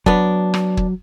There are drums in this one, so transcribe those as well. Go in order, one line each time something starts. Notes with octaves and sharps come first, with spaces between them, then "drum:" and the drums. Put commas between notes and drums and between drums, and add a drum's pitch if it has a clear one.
F#3 B3 D4, drum: kick
drum: rim click
drum: kick